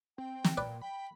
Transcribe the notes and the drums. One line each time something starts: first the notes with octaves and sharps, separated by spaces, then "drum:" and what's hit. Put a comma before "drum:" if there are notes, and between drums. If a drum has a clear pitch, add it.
C4 G5
drum: snare
A#2 B4 D5
G5 B5